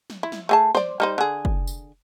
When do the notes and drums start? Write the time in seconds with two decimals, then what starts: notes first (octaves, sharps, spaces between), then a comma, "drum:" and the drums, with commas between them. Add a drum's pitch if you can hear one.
0.10 drum: snare
0.23 E4
0.32 drum: snare
0.49 A3 G#4 A5
0.75 C5 D5, drum: snare
1.00 G3 D#4 C5
1.18 D3 G#4
1.45 drum: kick
1.67 drum: tambourine